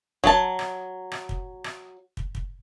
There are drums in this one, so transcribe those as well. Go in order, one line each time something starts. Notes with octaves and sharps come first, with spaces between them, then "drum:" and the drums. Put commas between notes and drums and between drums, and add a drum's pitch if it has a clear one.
F#3 A5, drum: kick
drum: rim click
drum: rim click
drum: kick
drum: rim click
drum: kick
drum: kick